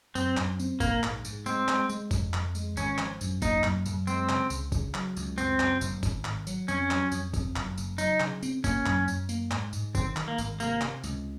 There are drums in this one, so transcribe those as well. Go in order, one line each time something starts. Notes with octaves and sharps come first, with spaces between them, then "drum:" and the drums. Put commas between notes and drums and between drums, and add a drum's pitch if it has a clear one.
F#2 C4, drum: tambourine
F#2, drum: clap
C4, drum: tambourine
A#1 A#3, drum: kick, tambourine
G#2, drum: clap
G#2, drum: tambourine
G#3 C4, drum: tambourine
G#3, drum: clap
G#3, drum: tambourine
F2, drum: kick, tambourine
F2, drum: clap
G#3, drum: tambourine
G#1 C#4, drum: tambourine
F3, drum: clap
F#2, drum: tambourine
A#3 D#4, drum: kick, tambourine
F#2, drum: clap
F#2, drum: tambourine
G#3 C4, drum: tambourine
C#3, drum: clap
C#2, drum: tambourine
C#3, drum: kick, tambourine
F#3, drum: clap
C#2, drum: tambourine
F#2 C4, drum: tambourine
F#2, drum: clap
F#1, drum: tambourine
G#1, drum: kick, tambourine
G#1, drum: clap
F#3, drum: tambourine
F2 C#4, drum: tambourine
F#3, drum: clap
F2, drum: tambourine
F2, drum: kick, tambourine
F#1, drum: clap
F#1, drum: tambourine
F#3 D#4, drum: tambourine
C#3, drum: clap
C4, drum: tambourine
A#3 C#4, drum: kick, tambourine
F#2, drum: clap
F#2, drum: tambourine
A#3, drum: tambourine
G#2, drum: clap
G#2, drum: tambourine
D#3 C4, drum: kick, tambourine
D#3, drum: clap
A#3
G#1, drum: tambourine
C3 A#3, drum: tambourine
C3, drum: clap
C#2, drum: tambourine